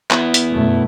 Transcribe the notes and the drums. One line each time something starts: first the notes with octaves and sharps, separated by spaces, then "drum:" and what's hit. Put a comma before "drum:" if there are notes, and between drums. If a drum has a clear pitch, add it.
B3 E4, drum: clap
drum: hi-hat
F#2 B2 A3